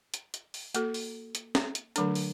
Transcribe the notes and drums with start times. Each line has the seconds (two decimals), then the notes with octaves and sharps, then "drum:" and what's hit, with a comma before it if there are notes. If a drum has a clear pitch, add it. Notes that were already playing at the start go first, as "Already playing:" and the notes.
0.14 drum: hi-hat
0.34 drum: hi-hat
0.54 drum: open hi-hat
0.75 A#3 F#4 A4, drum: hi-hat
0.94 drum: open hi-hat
1.35 drum: hi-hat
1.55 drum: snare
1.75 drum: hi-hat
1.96 D3 F#3 A3 D4 A4, drum: hi-hat
2.15 drum: open hi-hat